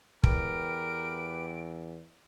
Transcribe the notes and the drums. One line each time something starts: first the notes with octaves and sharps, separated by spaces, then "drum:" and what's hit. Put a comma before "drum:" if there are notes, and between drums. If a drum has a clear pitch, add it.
E2 G4 A#4 B4 D7, drum: kick